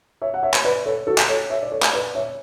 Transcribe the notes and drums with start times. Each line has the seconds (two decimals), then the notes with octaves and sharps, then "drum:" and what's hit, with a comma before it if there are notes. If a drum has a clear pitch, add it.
0.22 C#5 E5
0.34 F#5
0.43 C#5 E5
0.54 drum: clap
0.64 B4 D5
0.86 A4 C#5
1.07 F#4 A4
1.18 drum: clap
1.29 A4 C#5
1.50 C#5 E5
1.63 D5
1.72 A4 C#5
1.83 drum: clap
1.93 B4 D5
2.15 C#5 E5